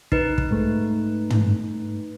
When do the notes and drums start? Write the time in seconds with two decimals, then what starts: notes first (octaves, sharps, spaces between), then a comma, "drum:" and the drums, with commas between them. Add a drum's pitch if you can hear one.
0.12 D#4 B4, drum: kick
0.38 drum: kick
0.51 G#2 A3
1.30 drum: tom